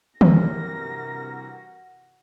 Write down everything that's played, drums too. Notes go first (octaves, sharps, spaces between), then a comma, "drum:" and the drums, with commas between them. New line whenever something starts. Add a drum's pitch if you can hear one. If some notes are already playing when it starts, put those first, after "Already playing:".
G2 C3 E3 F#4 A#4 A#6, drum: tom